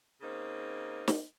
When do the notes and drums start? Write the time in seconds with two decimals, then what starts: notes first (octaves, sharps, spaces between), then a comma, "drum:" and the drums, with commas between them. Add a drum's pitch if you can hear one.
0.21 C#3 A#3 C4 D#4
1.08 drum: snare